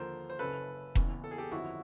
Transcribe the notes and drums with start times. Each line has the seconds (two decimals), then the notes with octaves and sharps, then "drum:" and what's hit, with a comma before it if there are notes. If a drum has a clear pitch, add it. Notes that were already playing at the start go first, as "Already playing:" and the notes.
Already playing: D#2 D3 F3 A#4 C5
0.30 C5
0.39 F#1 F#2 C#3 A4 B4
0.95 F#1 E2 C#3, drum: kick E1
1.24 A4
1.31 G#4
1.38 G4 A4
1.51 G#1 F#2 D3 F3 E4 F#4